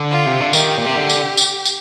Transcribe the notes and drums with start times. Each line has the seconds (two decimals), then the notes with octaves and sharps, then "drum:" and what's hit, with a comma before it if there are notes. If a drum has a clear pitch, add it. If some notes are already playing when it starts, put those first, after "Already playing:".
Already playing: D3
0.11 F4
0.26 C3
0.40 D3
0.53 D#3 G4, drum: tambourine
0.77 A#2
0.86 C3
0.96 D3
1.09 drum: tambourine
1.37 drum: tambourine
1.65 drum: tambourine